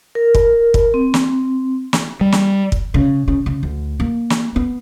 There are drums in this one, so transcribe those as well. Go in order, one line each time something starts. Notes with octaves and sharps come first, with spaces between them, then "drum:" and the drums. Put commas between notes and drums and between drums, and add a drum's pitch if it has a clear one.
A#4
drum: kick
drum: kick
C4
drum: snare
drum: snare
G3
drum: snare
drum: kick
C#3
C#3
C#3
D2
A#3
drum: snare
B3